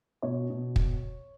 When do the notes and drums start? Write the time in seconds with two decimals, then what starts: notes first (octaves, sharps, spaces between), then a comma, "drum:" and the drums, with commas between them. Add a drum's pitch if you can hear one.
0.22 B2 C#5
0.50 B2
0.76 drum: kick